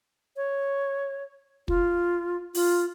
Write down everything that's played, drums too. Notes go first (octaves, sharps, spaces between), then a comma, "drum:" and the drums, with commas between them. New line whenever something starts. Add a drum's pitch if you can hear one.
C#5
F4, drum: kick
F4, drum: open hi-hat